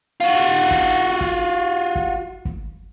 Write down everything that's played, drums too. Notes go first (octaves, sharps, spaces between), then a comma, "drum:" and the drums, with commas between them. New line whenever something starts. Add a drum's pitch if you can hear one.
F4 F#4
drum: kick
drum: kick
drum: kick
drum: kick